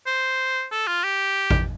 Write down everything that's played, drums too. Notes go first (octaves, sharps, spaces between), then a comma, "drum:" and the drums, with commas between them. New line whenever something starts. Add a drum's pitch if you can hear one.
C5
A4
F4
G4
drum: kick A1